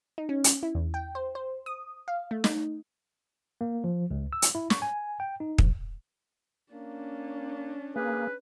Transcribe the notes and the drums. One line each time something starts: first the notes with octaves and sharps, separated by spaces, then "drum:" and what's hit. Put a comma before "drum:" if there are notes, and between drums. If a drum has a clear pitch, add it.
D#4
C#4
drum: hi-hat
E4
E2
G5
C5
C5
D#6
F5
A3
D#4, drum: snare
A#3
F3
C#2
E6
drum: hi-hat
E4
C#6, drum: snare
G#5
G5
D#4
A#1, drum: kick
A#3 C#4 D4
A#3 G#4 B4